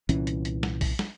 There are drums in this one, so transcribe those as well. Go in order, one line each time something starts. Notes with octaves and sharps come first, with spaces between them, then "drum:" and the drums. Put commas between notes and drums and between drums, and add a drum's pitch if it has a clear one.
C2 A#2 E3 C#4, drum: hi-hat
drum: hi-hat
drum: hi-hat
drum: snare
drum: kick B1, open hi-hat
drum: snare